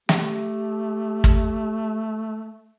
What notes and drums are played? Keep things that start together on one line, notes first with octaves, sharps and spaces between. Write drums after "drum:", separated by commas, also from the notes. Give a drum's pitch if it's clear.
A3 G4, drum: snare
drum: kick